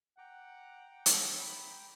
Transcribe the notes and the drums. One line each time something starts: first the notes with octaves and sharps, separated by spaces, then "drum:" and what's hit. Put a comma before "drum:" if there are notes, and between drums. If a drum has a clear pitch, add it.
F#5 G5 A#5 D6
drum: hi-hat
B5